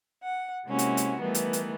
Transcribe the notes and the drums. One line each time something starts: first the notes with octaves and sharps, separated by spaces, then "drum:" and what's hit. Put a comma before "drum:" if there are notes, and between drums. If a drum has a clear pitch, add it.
F#5
C3 G#3 A#3 C#4 E4 F#4
drum: hi-hat
drum: hi-hat
D#3 E3 G3 A3 B3
drum: hi-hat
drum: hi-hat